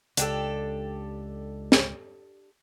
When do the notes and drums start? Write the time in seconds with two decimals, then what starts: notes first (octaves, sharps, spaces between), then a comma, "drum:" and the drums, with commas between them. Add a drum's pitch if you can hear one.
0.17 C#2 D4 G4 A4, drum: hi-hat
1.72 drum: snare